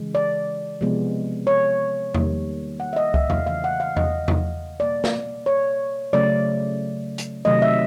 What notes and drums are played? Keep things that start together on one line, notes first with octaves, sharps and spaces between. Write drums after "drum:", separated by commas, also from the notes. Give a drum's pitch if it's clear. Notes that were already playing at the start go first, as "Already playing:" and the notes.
Already playing: C#3 E3 G#3
D5
C3 F3 G#3 B3
C#5
D#3 G3 A#3, drum: tom E2
F#5
E5
D#5
E5, drum: kick C#2
F5, drum: tom E2
C#3 E3 A3 F5
F#5
F5
D#5, drum: tom E2
drum: tom E2
B2 G3 A#3 D5
drum: snare
C#5
C#3 F#3 A3 D5
drum: hi-hat
C3 D#3 F#3 A3 D#5
E5